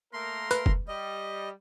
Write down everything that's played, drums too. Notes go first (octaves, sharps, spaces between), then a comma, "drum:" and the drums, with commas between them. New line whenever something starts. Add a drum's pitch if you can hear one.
A3 A#3 A#4 C6
B4 B5 F#6, drum: hi-hat
drum: kick F1
G3 D#5